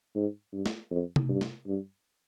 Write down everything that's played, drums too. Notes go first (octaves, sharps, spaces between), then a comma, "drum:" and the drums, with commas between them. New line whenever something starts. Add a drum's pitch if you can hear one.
G#2
G2
drum: snare
F2
drum: tom C3
G2
drum: snare
G2